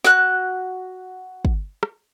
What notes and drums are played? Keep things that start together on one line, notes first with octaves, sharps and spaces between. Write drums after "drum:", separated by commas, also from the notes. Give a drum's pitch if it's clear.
F#4 F#6, drum: snare
drum: kick
drum: rim click